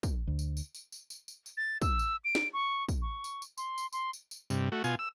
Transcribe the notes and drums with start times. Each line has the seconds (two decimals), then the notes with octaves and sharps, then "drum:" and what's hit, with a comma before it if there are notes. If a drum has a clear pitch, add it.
0.03 drum: kick, tambourine
0.27 D2
0.39 drum: tambourine
0.57 drum: tambourine
0.75 drum: tambourine
0.92 drum: tambourine
1.10 drum: tambourine
1.28 drum: tambourine
1.46 drum: tambourine
1.57 A6
1.82 E6, drum: kick, tambourine
1.99 drum: tambourine
2.25 D7
2.35 drum: snare
2.53 C#6
2.89 drum: kick, tambourine
3.02 C#6
3.24 drum: tambourine
3.42 drum: tambourine
3.58 C6, drum: tambourine
3.78 drum: tambourine
3.93 C6, drum: tambourine
4.13 drum: tambourine
4.31 drum: tambourine
4.50 G2 C3, drum: tambourine
4.72 A3 F#4
4.84 B2 F4 G#5, drum: tambourine
4.99 E6